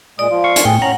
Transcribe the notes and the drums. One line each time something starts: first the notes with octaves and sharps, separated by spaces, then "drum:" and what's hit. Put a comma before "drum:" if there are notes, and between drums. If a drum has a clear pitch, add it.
A#2 G#3 D5 D#6
F3 F4
F5 C#6
drum: hi-hat
A2 G#4 G5
C#4 F#5 A#5